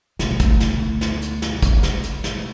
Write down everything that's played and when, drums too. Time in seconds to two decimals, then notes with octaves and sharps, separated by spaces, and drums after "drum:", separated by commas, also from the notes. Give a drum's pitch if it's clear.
0.19 D2 B2, drum: snare
0.40 drum: kick, hi-hat
0.60 drum: snare
1.01 drum: snare
1.22 drum: hi-hat
1.42 drum: snare
1.62 drum: kick, hi-hat
1.83 drum: snare
2.03 drum: hi-hat
2.24 drum: snare